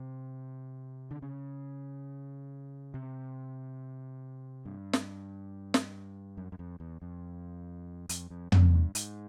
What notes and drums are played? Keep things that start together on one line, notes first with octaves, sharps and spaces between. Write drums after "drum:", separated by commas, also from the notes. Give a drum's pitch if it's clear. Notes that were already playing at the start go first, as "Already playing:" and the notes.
Already playing: C3
D3
C#3
C3
G2
drum: snare
drum: snare
F#2
F#2
F2
E2
F2
F2, drum: hi-hat
F2
F#2, drum: tom
G2
G#2, drum: hi-hat